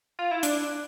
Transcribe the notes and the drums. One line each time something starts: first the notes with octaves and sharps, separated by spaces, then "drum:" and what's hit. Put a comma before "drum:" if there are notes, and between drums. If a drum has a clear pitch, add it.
F4
E4
D4, drum: hi-hat